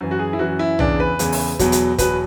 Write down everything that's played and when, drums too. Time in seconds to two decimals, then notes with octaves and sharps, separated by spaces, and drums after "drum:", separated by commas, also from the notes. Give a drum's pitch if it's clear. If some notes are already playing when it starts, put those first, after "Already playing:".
0.01 F#2 E3
0.11 F#4
0.19 G#4
0.33 E4
0.39 F#2 E3 F#4
0.59 E4
0.79 E2 C#3 E3 D4, drum: tom
1.00 B4
1.19 E2 C#3 E3, drum: hi-hat
1.32 drum: open hi-hat
1.59 E2 B2 F#3, drum: kick, hi-hat
1.72 drum: hi-hat
1.98 E2 B2 F#3 B4, drum: kick, hi-hat